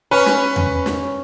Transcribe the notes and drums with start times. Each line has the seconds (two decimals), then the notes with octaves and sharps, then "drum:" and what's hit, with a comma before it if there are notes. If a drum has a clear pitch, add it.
0.11 C#4 B4
0.26 drum: snare
0.56 drum: tom E2
0.86 drum: snare